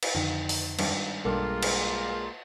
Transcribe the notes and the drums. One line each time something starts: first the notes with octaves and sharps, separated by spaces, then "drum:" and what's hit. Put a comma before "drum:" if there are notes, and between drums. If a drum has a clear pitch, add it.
drum: cymbal
F2 D3 D#3
drum: open hi-hat
G#1 G2, drum: cymbal
B1 G2 G#3 A#3 F4 A4 A#4
drum: cymbal